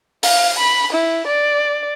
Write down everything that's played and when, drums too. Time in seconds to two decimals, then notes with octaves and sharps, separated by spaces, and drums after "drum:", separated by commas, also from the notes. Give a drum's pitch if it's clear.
0.23 F5, drum: open hi-hat
0.58 B5
0.92 E4
1.27 D5